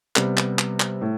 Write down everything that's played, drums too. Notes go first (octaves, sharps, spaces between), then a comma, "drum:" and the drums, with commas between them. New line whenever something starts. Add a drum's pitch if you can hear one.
C3 G3 B3, drum: clap
drum: clap
drum: clap
drum: clap
A2